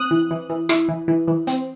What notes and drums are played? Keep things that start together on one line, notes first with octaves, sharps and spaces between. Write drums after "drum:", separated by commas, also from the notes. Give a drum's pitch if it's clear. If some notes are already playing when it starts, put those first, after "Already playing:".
Already playing: C4 D#6 F#6
E3
E3
E3
E4, drum: rim click
E3
E3
E3
C4, drum: hi-hat